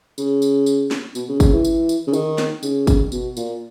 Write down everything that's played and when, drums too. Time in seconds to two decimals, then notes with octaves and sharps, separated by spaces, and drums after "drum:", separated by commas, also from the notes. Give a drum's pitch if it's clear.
0.18 C#3, drum: tambourine
0.42 drum: tambourine
0.66 drum: tambourine
0.91 drum: snare
1.15 B2, drum: tambourine
1.28 C#3
1.40 C#3, drum: kick, tambourine
1.52 E3
1.65 drum: tambourine
1.89 drum: tambourine
2.07 C#3
2.13 D#3, drum: tambourine
2.38 drum: snare
2.63 C#3, drum: tambourine
2.87 drum: kick, tambourine
3.12 B2, drum: tambourine
3.37 A#2, drum: tambourine